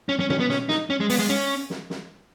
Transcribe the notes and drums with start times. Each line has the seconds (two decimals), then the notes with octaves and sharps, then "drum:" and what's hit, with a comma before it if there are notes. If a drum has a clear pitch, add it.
0.09 C#4
0.20 C#4
0.30 C#4, drum: tom B2
0.40 B3
0.50 C#4, drum: snare
0.69 D#4, drum: snare
0.90 C#4
1.00 G#3
1.10 B3, drum: open hi-hat
1.19 G#3
1.29 C#4
1.70 drum: snare
1.90 drum: snare